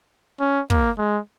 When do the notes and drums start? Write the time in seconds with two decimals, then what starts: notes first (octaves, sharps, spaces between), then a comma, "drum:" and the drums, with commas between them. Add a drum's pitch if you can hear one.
0.40 C#4
0.70 A#3, drum: kick
0.98 G#3